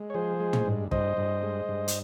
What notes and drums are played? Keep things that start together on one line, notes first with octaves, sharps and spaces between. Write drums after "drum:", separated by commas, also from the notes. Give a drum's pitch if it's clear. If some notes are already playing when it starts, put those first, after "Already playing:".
Already playing: G#3
C#5
F3 G#4 C5
G#3
drum: tom
G2
G2 C5 D#5, drum: kick
G2
G#3
G2
drum: hi-hat